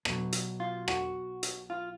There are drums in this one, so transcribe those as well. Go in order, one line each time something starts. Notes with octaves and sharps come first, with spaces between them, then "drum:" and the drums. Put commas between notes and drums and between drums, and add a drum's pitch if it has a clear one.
B1 B2 F#3, drum: rim click
drum: hi-hat
F4
F#4, drum: rim click
drum: hi-hat
F4